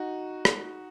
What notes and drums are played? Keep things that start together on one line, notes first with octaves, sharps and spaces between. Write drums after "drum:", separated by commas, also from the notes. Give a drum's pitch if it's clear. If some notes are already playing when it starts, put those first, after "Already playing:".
Already playing: D#4 F#4
drum: rim click